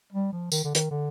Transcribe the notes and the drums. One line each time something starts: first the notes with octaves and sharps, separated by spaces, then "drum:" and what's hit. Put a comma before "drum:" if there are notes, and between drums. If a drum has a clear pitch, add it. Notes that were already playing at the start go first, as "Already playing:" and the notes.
G3
F3
D#3, drum: tambourine
D3
D#3, drum: hi-hat
D3